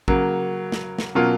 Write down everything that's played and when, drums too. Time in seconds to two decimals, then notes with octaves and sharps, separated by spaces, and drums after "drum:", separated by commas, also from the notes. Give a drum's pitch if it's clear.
0.08 C#3 F#3 A#3, drum: kick
0.72 drum: snare
0.99 drum: snare
1.15 B2 F#3 A#3 C#4 F4